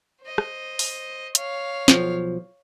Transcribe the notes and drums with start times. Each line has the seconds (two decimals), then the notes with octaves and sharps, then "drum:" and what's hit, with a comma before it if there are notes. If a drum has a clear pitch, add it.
0.22 C5 D#5
0.38 drum: rim click
0.79 drum: open hi-hat
1.35 C#5 F5, drum: hi-hat
1.88 B1 F3, drum: snare